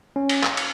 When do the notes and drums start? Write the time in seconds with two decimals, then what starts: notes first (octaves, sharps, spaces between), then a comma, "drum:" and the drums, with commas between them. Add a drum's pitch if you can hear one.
0.16 C#4
0.29 drum: cymbal
0.43 drum: clap
0.57 drum: cymbal